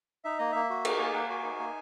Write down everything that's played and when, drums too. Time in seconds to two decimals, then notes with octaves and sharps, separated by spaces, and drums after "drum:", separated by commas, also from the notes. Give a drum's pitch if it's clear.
0.24 D#4 E5
0.38 A#3 D#5
0.52 A#3 E5
0.70 F#4
0.85 D#4, drum: cymbal
1.00 A#3 G#5
1.14 A#3 F#5
1.29 F#4 G#5
1.44 D#4
1.59 A#3